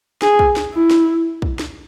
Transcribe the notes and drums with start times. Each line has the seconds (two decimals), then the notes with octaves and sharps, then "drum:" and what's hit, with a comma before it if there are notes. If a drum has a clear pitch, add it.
0.22 G#4, drum: snare
0.39 drum: kick
0.56 drum: snare
0.74 E4
0.91 drum: snare
1.42 drum: kick
1.59 drum: snare